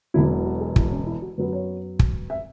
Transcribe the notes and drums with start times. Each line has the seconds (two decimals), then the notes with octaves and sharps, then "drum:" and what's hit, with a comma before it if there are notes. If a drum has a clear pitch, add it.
0.14 E1 E2 B2 F#3 E4
0.45 F#4
0.61 G#4
0.76 E4, drum: kick
0.91 C#4
1.07 E4
1.22 F#4
1.38 F#2 F#3 B3 B4
1.53 C#5
1.99 drum: kick
2.30 E5